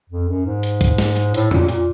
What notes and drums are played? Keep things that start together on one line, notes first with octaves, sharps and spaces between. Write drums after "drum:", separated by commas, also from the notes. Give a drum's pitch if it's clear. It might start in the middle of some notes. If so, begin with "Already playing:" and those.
F2
F#2
G#2
drum: hi-hat
drum: kick, hi-hat
drum: snare
drum: hi-hat
A2, drum: hi-hat
A#2, drum: tom
A#2, drum: hi-hat